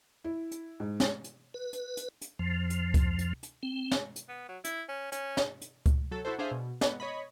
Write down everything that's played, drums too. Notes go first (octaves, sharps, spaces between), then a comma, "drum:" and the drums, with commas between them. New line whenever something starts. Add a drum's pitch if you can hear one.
E4
drum: hi-hat
G#2
drum: snare
drum: hi-hat
B4
drum: hi-hat
drum: hi-hat
drum: hi-hat
F2 F3
drum: hi-hat
drum: kick C#2, hi-hat
drum: hi-hat
drum: hi-hat
C4
drum: snare
drum: hi-hat
B3
F#3
E4, drum: hi-hat
C#4
C#4, drum: hi-hat
drum: snare
drum: hi-hat
drum: kick C#2, hi-hat
F#3 A4
E4 F#4 A4 C5
D4 G#4 C5 E5 F5
B2
B3, drum: snare
C#5 D#5 B5